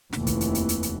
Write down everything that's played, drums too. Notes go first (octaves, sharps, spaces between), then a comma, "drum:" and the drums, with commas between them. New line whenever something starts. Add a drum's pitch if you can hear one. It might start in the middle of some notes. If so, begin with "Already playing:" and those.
F1 D#2 E3, drum: snare
drum: kick, hi-hat
drum: hi-hat
drum: hi-hat
drum: hi-hat
drum: hi-hat